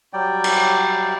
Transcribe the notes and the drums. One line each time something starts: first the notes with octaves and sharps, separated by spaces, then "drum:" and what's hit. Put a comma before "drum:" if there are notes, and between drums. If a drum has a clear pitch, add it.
F#3 G3 D5 G5
drum: cymbal